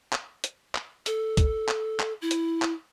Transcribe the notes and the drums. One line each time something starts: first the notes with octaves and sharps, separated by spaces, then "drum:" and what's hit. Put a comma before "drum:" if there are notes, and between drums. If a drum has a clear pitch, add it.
drum: clap
drum: hi-hat
drum: clap
A4, drum: hi-hat
drum: kick, hi-hat
drum: clap
drum: clap
E4
drum: hi-hat
drum: clap